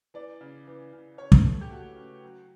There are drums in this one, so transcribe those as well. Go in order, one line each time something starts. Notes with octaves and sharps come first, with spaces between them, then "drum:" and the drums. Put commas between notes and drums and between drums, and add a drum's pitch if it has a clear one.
E3 D5
C#3
E3
C#3
C#3 C#5
drum: kick
A3
G4
A3 F#4
C#3
F#3